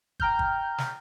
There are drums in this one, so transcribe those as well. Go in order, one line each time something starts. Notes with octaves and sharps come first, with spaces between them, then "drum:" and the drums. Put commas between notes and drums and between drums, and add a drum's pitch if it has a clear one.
G5 A#5 F6 G6, drum: kick
drum: kick
drum: snare